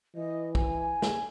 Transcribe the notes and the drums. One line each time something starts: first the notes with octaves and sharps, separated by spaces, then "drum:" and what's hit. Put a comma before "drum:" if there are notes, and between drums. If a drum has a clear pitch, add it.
E3 D#5
G#5, drum: kick
drum: snare